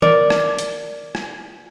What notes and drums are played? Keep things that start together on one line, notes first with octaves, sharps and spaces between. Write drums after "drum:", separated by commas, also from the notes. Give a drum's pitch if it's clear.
A#4 D5, drum: tom D#3
drum: rim click
drum: hi-hat
drum: rim click